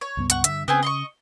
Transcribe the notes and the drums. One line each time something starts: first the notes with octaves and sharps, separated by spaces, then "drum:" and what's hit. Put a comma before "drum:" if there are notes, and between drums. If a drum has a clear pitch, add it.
C#5
C#2 G2 B3
F#5 C#6, drum: hi-hat
G2 D3 E5, drum: hi-hat
C#3 B3 C4 G#4
D#5 C6 C#6